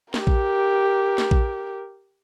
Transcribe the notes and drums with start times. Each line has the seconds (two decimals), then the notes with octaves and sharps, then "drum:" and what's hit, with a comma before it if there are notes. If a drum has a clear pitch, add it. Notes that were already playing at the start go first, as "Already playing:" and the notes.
0.14 G4 A#4, drum: snare
0.27 drum: kick A#1
1.18 drum: snare
1.31 drum: kick A#1